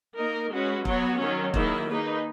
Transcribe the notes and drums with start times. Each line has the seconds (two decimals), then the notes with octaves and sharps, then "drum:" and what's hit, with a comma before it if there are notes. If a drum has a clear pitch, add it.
0.17 A#3 D#4 A#4 D#5
0.51 G#3 C#4 F#4 B4
0.85 F#3 B3 F#4 C#5, drum: kick
1.19 D#3 F#3 C#4
1.54 D#3 F#3 A#3 E4 G#4, drum: kick
1.88 A#3 D#4 G#4 B4